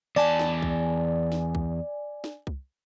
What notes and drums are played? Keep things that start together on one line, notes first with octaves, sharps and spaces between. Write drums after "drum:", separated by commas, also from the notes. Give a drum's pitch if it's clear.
E2 D5 G#5 A5
drum: snare
drum: kick C2
drum: snare
drum: kick C2
drum: snare
drum: kick C2